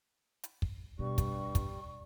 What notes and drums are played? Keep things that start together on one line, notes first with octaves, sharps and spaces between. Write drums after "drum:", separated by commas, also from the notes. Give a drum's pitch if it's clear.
drum: hi-hat
drum: kick
G2 B2 G3 C#6
drum: kick, hi-hat
drum: kick, hi-hat